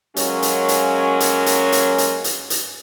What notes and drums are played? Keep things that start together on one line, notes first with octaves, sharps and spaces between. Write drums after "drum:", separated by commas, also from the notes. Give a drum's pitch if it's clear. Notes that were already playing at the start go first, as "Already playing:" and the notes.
F#3 G#3 A#3 C#4, drum: hi-hat
drum: hi-hat
drum: hi-hat
drum: hi-hat
drum: hi-hat
drum: hi-hat
drum: hi-hat
drum: hi-hat
drum: hi-hat